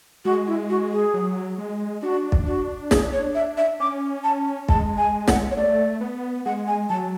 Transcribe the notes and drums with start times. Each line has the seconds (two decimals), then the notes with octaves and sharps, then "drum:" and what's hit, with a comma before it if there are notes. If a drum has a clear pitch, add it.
0.25 G#3 F#4
0.47 E4
0.70 F#4
0.92 G#4
1.14 F#3
1.58 G#3
2.02 D4 F#4
2.32 drum: kick
2.47 F#4
2.91 G#4, drum: snare
3.13 C#5
3.35 E5
3.57 E5
3.80 C#4 D6
4.24 A5
4.69 G#3 A5, drum: kick
4.97 G#5
5.28 F#5, drum: snare
5.51 C#5
5.57 A3 D5
6.01 B3
6.46 G#3 F#5
6.68 G#5
6.89 F#3 A5